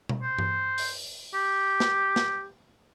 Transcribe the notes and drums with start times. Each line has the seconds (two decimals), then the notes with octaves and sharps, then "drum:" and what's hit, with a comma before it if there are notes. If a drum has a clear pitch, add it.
0.09 drum: tom B2
0.22 C5
0.38 drum: tom G2
0.78 drum: open hi-hat
1.34 G4
1.80 drum: snare
2.16 drum: snare